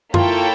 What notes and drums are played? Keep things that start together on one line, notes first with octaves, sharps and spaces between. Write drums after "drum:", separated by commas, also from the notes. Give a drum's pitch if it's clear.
A#3 E4 F4 A4 C#5 G5, drum: tom F#2